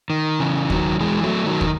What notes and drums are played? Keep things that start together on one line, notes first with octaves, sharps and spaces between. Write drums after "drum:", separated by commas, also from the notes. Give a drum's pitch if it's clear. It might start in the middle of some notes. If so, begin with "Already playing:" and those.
D#3
C#3 E3
D#3 F#3, drum: kick
E3 G#3
F#3 A3
D#3 F#3
drum: kick